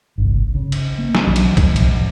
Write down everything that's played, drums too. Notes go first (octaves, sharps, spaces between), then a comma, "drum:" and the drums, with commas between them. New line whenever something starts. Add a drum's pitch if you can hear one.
G1 C2
C#3
drum: cymbal
A#3
drum: snare
B1 D#3 F#3 D4
drum: cymbal
F3 G#3, drum: kick, cymbal
D1 B1, drum: cymbal